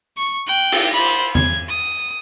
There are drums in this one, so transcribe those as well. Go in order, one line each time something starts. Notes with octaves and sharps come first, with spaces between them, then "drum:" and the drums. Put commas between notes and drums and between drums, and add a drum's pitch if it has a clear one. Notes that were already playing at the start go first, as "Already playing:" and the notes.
C#6
G5 F#6
drum: cymbal
C5 B5
G#6, drum: tom E2
D#6